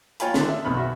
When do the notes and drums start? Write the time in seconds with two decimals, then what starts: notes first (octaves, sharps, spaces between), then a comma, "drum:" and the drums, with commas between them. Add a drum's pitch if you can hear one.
0.20 F4 C#5 G5 G#5 A#5 B5, drum: hi-hat
0.34 D3 D#3 A3 D4, drum: snare
0.47 A4 E5
0.64 B1 B2 B3 B5 F6
0.77 F#4 E5